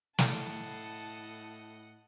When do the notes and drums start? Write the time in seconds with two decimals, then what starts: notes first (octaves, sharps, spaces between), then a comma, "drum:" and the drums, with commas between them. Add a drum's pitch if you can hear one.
0.18 A2 D#5 F#5 A5, drum: snare